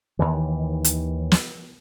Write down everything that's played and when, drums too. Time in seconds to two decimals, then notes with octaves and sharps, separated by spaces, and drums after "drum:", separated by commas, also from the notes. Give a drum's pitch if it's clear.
0.19 D#2 C3 D#3 E3
0.84 drum: hi-hat
1.32 drum: snare